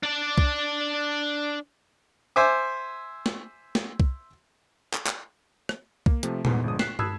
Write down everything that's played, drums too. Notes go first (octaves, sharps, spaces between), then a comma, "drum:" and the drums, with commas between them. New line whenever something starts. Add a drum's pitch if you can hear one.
D4 D5
drum: kick C2
C5 E5 G#5 D6
drum: snare
drum: snare
drum: kick C2
drum: clap
drum: clap
drum: rim click
A#3, drum: kick C2
C3 F3 A3, drum: hi-hat
E2 G#2 B3, drum: tom A#2
G1 F3 G#3 D4 D#6
F#6 B6 C7 E7, drum: snare
A5 B5 D#6 E6 F#6 G#6, drum: tom